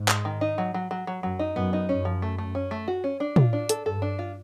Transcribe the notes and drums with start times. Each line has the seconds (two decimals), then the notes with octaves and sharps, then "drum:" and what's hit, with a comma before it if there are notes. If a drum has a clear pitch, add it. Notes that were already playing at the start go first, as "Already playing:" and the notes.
Already playing: G#2
0.08 G#3, drum: clap
0.25 D#3
0.41 D#4
0.58 F#3
0.74 F#3
0.91 F#3
1.07 F#3
1.23 F#2 F#3
1.39 D#4
1.56 F#2 B3
1.73 D#4
1.89 F#2 C#4
2.05 F3
2.22 A3
2.38 A3
2.55 C#4
2.71 A3
2.88 F#4
3.04 C#4
3.20 D4
3.36 F4, drum: tom
3.53 D4
3.69 A4, drum: hi-hat
3.85 G2 A4
4.02 D4
4.19 F4